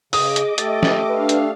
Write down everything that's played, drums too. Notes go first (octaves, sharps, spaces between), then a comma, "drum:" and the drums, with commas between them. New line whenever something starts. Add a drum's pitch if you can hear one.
C#3 G#4 D#5 D6 D#6, drum: open hi-hat
drum: hi-hat
A3 G4 A4 A6, drum: hi-hat
drum: snare
D4 B4 F5
drum: hi-hat